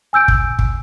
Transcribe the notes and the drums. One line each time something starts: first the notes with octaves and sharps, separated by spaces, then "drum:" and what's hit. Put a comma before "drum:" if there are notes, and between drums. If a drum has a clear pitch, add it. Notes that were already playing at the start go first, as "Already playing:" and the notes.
G#5 E6 G6 D7
drum: kick
drum: kick